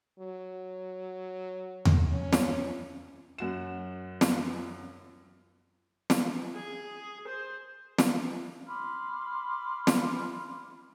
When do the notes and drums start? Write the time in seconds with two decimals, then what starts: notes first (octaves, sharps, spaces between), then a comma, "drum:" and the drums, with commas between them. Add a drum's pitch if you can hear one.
0.19 F#3
1.85 drum: tom E2
2.11 C#4
2.33 drum: snare
3.38 F#2 F#4 E7
4.21 drum: snare
6.10 drum: snare
6.55 G#4
7.28 C5
7.98 drum: snare
8.68 B5 C6 D6 F6
9.87 drum: snare